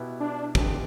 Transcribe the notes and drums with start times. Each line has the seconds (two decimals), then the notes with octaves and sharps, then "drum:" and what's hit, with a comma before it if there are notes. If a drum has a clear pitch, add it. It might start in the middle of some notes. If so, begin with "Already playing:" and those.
Already playing: B2 B3 E4 G4
0.20 D4
0.55 E2 D3 B3 G4, drum: kick